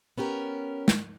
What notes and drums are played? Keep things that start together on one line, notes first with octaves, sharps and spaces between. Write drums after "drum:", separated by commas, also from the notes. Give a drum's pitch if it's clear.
B3 C#4 G4 A#4
drum: snare